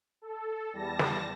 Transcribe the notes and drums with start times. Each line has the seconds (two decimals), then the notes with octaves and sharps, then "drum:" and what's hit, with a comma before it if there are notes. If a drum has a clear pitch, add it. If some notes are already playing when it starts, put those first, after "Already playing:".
0.22 A4
0.73 E2 G3 A5 A#6
0.99 drum: snare